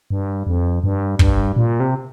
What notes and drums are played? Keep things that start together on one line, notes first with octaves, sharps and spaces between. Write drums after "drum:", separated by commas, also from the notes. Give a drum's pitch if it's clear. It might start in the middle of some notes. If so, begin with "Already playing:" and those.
G2
F2
G2
G2, drum: kick
A#2
C3